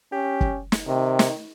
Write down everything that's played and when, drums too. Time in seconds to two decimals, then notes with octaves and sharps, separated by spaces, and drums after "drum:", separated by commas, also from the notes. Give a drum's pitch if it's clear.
0.12 C#4 G4
0.41 drum: kick
0.72 drum: snare
0.88 C3 D#3
1.19 drum: snare